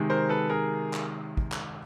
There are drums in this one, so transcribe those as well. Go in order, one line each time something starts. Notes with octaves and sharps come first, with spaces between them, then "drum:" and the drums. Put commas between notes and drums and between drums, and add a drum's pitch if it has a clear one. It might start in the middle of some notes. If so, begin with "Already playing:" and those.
Already playing: C3 D#3 G#3
A#4 C5
A4 B4
G#4 A#4
drum: clap
drum: kick
drum: clap